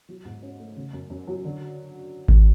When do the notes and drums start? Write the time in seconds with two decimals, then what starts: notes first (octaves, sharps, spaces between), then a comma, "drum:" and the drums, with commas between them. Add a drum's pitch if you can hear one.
0.09 F#3
0.25 G#2
0.42 C#4
0.60 A3
0.77 C#3
0.93 F#2
1.10 F#2
1.27 F#3
1.45 D3
2.28 drum: kick G#1